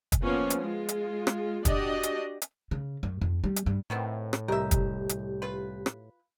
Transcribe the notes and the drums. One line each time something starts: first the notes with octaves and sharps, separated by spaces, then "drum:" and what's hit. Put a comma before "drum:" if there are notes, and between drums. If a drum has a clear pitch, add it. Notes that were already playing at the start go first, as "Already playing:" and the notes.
drum: kick, hi-hat
F3 A#3 B3 C#4
drum: hi-hat
G#3 F4
drum: hi-hat
drum: rim click
D4 F#4 G4 D5 D#5, drum: kick, hi-hat
drum: hi-hat
drum: hi-hat
C#3
F#2
F2
G3
drum: hi-hat
G2
A2 D#3 B3 C4
drum: rim click
C2 G4 A#4 D#5 E5
drum: kick, hi-hat
drum: hi-hat
F4 B4
drum: rim click